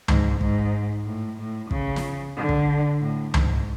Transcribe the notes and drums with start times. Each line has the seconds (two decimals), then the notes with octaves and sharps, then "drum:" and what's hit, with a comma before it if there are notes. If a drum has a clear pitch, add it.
0.08 G#2, drum: tom C#2
0.41 G#2, drum: kick
1.06 A2
1.38 A2
1.71 C#3, drum: kick
1.96 drum: snare
2.37 D3
2.49 drum: kick
3.01 A2
3.34 G#2, drum: tom C#2